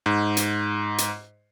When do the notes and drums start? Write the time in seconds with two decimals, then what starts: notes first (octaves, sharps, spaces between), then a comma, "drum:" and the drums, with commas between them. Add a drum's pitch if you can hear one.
0.06 G#2
0.37 drum: hi-hat
0.98 drum: hi-hat